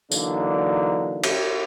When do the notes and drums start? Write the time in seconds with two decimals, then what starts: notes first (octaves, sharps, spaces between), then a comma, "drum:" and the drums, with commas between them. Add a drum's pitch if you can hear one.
0.12 D3 E3 F#3 A#3 D4 D#4, drum: tambourine
1.24 drum: cymbal